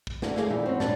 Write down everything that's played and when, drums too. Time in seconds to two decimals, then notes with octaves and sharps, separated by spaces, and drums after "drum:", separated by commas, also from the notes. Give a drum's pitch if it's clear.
0.07 drum: kick
0.22 D3 E4 F#4 A4, drum: snare
0.36 E2 A3 A#3 G#4 F5 G#5, drum: snare
0.49 D#2 A#2 D3 E3 D#4 E5
0.66 C4 C#4 F#4 B4
0.80 F#2 A#2 D4 B4 A5, drum: snare